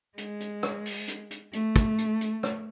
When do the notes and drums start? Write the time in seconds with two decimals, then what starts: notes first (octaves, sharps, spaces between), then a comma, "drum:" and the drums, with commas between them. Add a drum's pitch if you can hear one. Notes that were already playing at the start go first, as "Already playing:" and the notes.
0.18 G#3, drum: hi-hat
0.40 drum: hi-hat
0.63 drum: rim click
0.85 drum: open hi-hat
1.08 drum: hi-hat
1.31 drum: hi-hat
1.53 A3, drum: hi-hat
1.76 drum: kick, hi-hat
1.98 drum: hi-hat
2.21 drum: hi-hat
2.43 drum: rim click